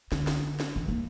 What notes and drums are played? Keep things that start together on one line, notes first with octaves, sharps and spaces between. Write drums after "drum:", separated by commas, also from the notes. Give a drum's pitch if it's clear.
D3, drum: snare
drum: snare
drum: snare
E3
A#3